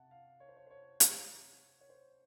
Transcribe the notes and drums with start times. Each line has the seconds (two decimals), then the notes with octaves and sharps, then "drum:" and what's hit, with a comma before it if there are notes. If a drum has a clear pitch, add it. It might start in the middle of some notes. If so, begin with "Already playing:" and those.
Already playing: C3 F#5 A5
0.11 F5
0.40 C#5
0.48 C5
0.57 C#5
0.66 C5
0.71 C#5
1.00 C#5, drum: hi-hat
1.81 C#5
1.89 C5